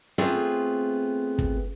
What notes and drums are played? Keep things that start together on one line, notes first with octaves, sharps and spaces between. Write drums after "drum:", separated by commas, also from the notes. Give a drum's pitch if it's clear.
A3 B3 C4 F4 G#4
drum: kick